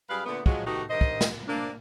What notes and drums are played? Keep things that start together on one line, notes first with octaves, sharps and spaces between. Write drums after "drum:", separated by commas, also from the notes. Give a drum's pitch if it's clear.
F#2 G3 G#4 B4 F5
A#2 D3 A3 B3
F3 F#3 G#3, drum: kick
D#3 A3 B3 D#4 F#4 G4
G2 D#3 D#4 C5 D#5
drum: kick
drum: snare
A#3 C4 D4